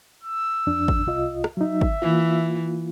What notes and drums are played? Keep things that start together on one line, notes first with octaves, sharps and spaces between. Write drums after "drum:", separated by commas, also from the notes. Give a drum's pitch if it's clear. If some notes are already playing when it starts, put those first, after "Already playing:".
E6
F2 D4
drum: kick G#1
C2 F4 D#5
drum: rim click
F#3 D#4 E5
drum: kick G#1
E3 A#3 F4